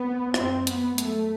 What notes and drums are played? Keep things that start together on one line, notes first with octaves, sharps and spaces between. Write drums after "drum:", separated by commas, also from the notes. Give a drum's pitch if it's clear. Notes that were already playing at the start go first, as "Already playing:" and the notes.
Already playing: B3
F#2 C4, drum: rim click
B3, drum: hi-hat
F#2 A3, drum: hi-hat